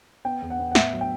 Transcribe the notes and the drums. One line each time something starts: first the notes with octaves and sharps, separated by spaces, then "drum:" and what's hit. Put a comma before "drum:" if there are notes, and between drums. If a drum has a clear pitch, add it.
B3 G5
E2
F#5
B3
F#5
A2 E5, drum: snare
F#3
G5